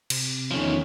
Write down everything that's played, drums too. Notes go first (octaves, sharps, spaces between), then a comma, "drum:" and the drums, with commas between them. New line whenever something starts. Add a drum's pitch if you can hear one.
C3, drum: cymbal
E2 D#3 F3 A3 C#4 D#4